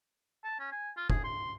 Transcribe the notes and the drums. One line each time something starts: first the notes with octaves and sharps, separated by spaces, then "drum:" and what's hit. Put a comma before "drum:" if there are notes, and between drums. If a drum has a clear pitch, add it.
A5
C#4
G#5
F4
G#4, drum: kick
C6